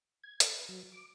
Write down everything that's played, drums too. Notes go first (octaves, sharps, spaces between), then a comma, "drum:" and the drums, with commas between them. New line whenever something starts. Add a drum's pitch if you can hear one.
G#6
A4, drum: hi-hat
B4
F#3
D6